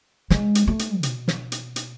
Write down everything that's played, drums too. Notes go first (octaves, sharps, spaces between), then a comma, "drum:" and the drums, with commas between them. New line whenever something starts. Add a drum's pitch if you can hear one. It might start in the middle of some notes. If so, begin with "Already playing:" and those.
G#3, drum: snare
drum: hi-hat
A3
drum: hi-hat
B2, drum: hi-hat
drum: snare
drum: hi-hat
drum: hi-hat